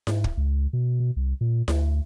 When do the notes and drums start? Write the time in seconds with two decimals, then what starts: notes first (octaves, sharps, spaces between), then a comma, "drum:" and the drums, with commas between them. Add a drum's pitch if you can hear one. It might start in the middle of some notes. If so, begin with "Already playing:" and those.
0.07 G#2, drum: snare E4
0.24 drum: kick
0.37 C#2
0.73 B2
1.00 B2
1.16 C2
1.41 A#2
1.68 D2, drum: snare E4